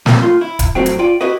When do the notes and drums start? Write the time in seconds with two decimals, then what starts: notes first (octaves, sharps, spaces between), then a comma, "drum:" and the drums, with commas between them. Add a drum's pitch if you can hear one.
0.06 F2 A2 G3 A#3 C#4, drum: snare
0.22 A2 F4 C6
0.41 E4
0.59 drum: kick D1, hi-hat
0.75 C2 F2 A2 F#3 C4 G5
0.86 drum: hi-hat
0.99 F4 D5 G5
1.21 E4 F#4 G4 B4 D#5